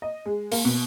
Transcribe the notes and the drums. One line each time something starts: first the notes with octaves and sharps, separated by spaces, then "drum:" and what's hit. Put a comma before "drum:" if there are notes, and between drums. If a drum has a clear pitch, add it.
D#5
G#3
A#3, drum: open hi-hat
B2